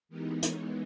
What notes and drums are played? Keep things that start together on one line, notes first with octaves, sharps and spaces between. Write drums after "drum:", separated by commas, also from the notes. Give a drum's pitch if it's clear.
E3 G#3 B3 D#4 G4 A#4
A#4 C#5, drum: hi-hat